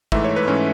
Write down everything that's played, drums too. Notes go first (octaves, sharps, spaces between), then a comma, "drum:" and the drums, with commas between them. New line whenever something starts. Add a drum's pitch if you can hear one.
G#2 E3 A3 E5, drum: kick
C#5
B4
G#2 E3 A3 C#4